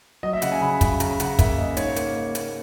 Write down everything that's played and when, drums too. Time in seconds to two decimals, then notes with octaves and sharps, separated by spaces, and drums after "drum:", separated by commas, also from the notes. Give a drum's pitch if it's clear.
0.23 F#3 D#5
0.33 E5
0.42 C#3 F#5, drum: hi-hat
0.52 G#5
0.61 C#3 B5
0.81 F#3, drum: kick, hi-hat
1.00 C#3 A#5, drum: hi-hat
1.20 C#3 F#5, drum: hi-hat
1.39 A#3 E5, drum: kick, hi-hat
1.58 C#3 D#5
1.77 G#2 C#5, drum: hi-hat
1.96 A#3, drum: hi-hat
2.16 A#3
2.35 A#3, drum: hi-hat